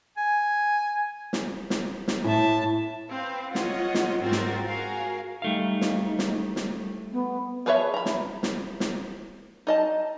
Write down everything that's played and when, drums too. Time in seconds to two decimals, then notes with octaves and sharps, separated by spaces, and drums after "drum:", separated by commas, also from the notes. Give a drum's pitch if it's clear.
0.17 G#5
1.33 drum: snare
1.70 drum: snare
2.08 drum: snare
2.24 A2 E5 A5
3.08 C4 B4 F5
3.55 F4 C#5 D#5 F#5, drum: snare
3.94 drum: snare
4.21 G#2 C4 F4 F#4 A#4 A6
4.32 drum: snare
4.66 F#4 G#4 A#4 F5
5.42 G3 A3 D#4 F5
5.81 drum: snare
6.19 drum: snare
6.56 drum: snare
7.12 B3
7.66 F3 G#4 B4 C#5 E5
7.94 A#5 B5
8.06 drum: snare
8.43 drum: snare
8.80 drum: snare
9.67 D#4 D#5 A5